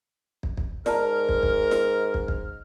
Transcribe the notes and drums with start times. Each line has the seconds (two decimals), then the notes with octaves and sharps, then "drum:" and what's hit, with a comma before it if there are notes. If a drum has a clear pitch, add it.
0.43 drum: kick
0.57 drum: kick
0.86 G#2 A#4 D5 A5 A#5 F6, drum: snare
1.29 drum: kick
1.43 drum: kick
1.71 drum: snare
2.14 drum: kick
2.28 drum: kick